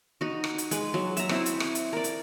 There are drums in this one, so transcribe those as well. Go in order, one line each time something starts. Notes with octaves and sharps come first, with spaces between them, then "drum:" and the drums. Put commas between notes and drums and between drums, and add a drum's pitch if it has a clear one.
D#4 F#4
drum: rim click
drum: hi-hat
G#3 B4, drum: hi-hat
F#3
E5 A#5, drum: hi-hat
C4 E4, drum: rim click
drum: hi-hat
drum: rim click
drum: hi-hat
A#4 D5
drum: hi-hat